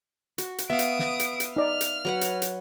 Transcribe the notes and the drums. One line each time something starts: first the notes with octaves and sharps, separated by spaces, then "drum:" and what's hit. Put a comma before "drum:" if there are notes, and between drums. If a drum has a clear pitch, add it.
F#4, drum: hi-hat
drum: hi-hat
B3 E5 F5 D#6 D7
drum: hi-hat
drum: snare
drum: hi-hat
drum: hi-hat
D#4 D5 F6
drum: hi-hat
F#3 B4 F#5
drum: hi-hat
drum: hi-hat